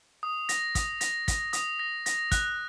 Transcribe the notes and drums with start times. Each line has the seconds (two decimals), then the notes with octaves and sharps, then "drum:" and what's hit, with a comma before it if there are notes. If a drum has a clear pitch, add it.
0.23 D#6
0.49 A#6, drum: hi-hat
0.75 D#6, drum: kick, hi-hat
1.01 A#6, drum: hi-hat
1.28 A#6, drum: kick, hi-hat
1.53 D#6, drum: hi-hat
1.79 A#6
2.06 A#6, drum: hi-hat
2.32 F#6, drum: kick, hi-hat